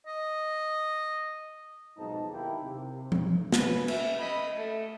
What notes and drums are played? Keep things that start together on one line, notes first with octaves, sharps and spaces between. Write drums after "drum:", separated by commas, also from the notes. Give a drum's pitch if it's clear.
D#5
B1 F2 G#2 D#4 A5
D#2 A#3 E4 G5
C3
drum: tom F3
C#4 B4, drum: snare
E5, drum: cymbal
D#5 B5
A3